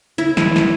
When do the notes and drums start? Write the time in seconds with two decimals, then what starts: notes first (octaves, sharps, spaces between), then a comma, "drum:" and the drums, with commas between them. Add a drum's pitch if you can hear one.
0.18 E4
0.37 drum: snare
0.56 drum: snare